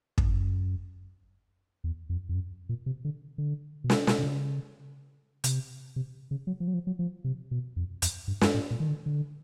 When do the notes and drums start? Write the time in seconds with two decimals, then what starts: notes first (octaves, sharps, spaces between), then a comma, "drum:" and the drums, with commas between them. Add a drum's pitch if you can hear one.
0.18 G2, drum: kick
0.29 F#2
1.84 E2
2.09 F2
2.29 F2
2.35 F#2
2.69 A#2
2.86 C3
3.05 D3
3.38 D3
3.84 B2
3.90 C3, drum: snare
4.07 B2, drum: snare
4.18 C3
4.24 C#3
5.44 C3, drum: hi-hat
5.96 C3
6.31 C#3
6.47 F#3
6.60 F3
6.68 F#3
6.74 F3
6.87 F#3
6.99 F3
7.24 C3
7.51 B2
7.76 F2
8.02 F2, drum: hi-hat
8.28 G2
8.41 G2, drum: snare
8.54 A2
8.71 A#2
8.80 D#3
8.88 D3
9.06 D3